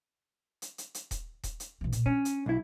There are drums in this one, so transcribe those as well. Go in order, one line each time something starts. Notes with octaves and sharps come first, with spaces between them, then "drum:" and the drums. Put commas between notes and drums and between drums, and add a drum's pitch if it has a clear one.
drum: hi-hat
drum: hi-hat
drum: hi-hat
drum: kick D#1, hi-hat
drum: kick D#1, hi-hat
drum: hi-hat
B1 E3
A#2, drum: hi-hat
C#4 D4
drum: hi-hat
B1 E4